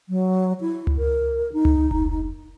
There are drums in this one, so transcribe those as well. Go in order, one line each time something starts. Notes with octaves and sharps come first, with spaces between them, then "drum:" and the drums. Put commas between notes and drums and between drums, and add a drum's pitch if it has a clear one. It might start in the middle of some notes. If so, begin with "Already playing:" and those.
F#3
E4
drum: tom C#2
A#4
D#4
drum: tom C#2
drum: kick F1